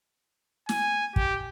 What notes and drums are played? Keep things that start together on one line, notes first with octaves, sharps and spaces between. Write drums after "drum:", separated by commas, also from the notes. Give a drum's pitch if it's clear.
G#5, drum: snare
G4, drum: kick